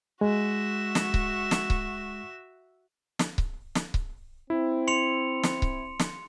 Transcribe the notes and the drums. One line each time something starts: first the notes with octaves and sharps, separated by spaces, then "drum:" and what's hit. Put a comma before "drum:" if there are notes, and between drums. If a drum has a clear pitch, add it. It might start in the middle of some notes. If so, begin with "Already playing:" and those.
G#3 F#4 E5
drum: snare
drum: kick C#1
drum: snare
drum: kick C#1
drum: snare
drum: kick C#1
drum: snare
drum: kick C#1
C4 E4
C6 C#7 F7
drum: snare
drum: kick C#1
drum: snare